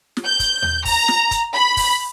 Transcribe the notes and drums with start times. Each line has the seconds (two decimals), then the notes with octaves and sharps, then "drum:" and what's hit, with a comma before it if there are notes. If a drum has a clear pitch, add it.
0.17 drum: snare
0.26 G6
0.39 drum: kick, hi-hat
0.62 drum: tom D#2
0.85 A#5, drum: kick, open hi-hat
1.08 drum: snare
1.31 drum: kick, hi-hat
1.54 B5
1.77 drum: kick, open hi-hat